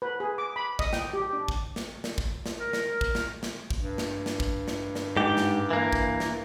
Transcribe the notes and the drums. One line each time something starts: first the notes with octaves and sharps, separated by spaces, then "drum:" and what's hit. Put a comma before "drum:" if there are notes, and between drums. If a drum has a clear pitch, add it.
B4
G#4
D6
B5
D#5, drum: kick
G5, drum: snare
G4
D4
drum: kick
drum: snare
drum: snare
drum: kick
drum: snare
A#4
drum: snare
drum: kick
drum: snare
drum: snare
drum: kick
G2
drum: snare
drum: snare
drum: kick
drum: snare
drum: snare
G#2 G4
drum: snare
E3 A#3
drum: kick
drum: snare